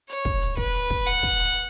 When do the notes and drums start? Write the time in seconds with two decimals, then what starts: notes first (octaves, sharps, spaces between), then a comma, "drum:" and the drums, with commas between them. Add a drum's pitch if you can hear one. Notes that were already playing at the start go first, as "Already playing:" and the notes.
0.09 C#5, drum: hi-hat
0.25 drum: kick
0.41 drum: hi-hat
0.57 B4, drum: kick
0.74 drum: hi-hat
0.90 drum: kick
1.06 F#5, drum: hi-hat
1.23 drum: kick
1.39 drum: hi-hat